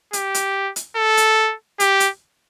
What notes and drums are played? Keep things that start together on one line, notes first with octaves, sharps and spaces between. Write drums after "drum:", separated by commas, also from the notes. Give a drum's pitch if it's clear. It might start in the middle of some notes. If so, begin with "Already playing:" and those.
G4, drum: hi-hat
drum: hi-hat
drum: hi-hat
A4
drum: hi-hat
G4, drum: hi-hat
drum: hi-hat